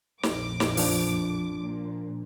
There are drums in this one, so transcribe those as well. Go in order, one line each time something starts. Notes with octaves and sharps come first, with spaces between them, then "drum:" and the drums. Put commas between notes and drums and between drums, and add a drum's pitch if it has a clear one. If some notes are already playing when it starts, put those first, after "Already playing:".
A#1 F2 D6, drum: snare
drum: snare
F3 D4, drum: open hi-hat
A#2